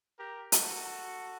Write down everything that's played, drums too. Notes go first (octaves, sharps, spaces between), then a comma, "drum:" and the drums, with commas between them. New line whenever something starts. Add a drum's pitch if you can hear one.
G4 A#4
F#4 A4, drum: hi-hat